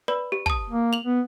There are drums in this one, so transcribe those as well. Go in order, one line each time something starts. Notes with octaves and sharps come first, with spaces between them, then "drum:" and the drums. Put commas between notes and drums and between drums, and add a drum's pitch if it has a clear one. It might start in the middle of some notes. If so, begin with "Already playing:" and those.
B4 D5 B5
G4
A5 D#6, drum: kick
A#3
F7 F#7
B3